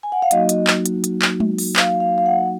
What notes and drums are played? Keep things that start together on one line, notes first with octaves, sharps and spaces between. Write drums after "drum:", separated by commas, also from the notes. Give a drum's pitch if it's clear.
G#5
F#5
F5
F#3 A#3 D#4 F#4 D#5, drum: hi-hat
drum: hi-hat
drum: clap
drum: hi-hat
drum: hi-hat
drum: clap
drum: tom G#3
drum: open hi-hat
F5, drum: clap
F5
F5
F#5